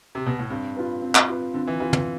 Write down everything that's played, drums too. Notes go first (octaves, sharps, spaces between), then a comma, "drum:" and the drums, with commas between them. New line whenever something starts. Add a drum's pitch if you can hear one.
C3
B2
A2
G2 C4
F4 B4
C4
drum: clap
F4 B4
D3 C4
E3
E3 F4 B4
E3, drum: tom